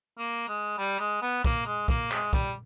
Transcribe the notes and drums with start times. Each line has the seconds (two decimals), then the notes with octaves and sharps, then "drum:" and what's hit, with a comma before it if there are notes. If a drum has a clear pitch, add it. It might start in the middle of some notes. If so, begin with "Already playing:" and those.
0.18 A#3
0.49 G#3
0.78 G3
1.00 G#3
1.22 B3
1.45 A#3, drum: kick
1.67 G#3
1.88 A#3, drum: kick
2.11 G#3, drum: clap
2.33 G3, drum: kick